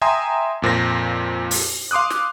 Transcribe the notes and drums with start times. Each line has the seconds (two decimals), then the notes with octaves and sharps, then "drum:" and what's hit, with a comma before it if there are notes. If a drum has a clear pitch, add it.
0.02 E5 G5 G#5 A#5 C6 D#6
0.62 F2 A#2 C5 A#6
1.51 drum: open hi-hat
1.91 F5 C6 D6 D#6 F#6
2.11 drum: snare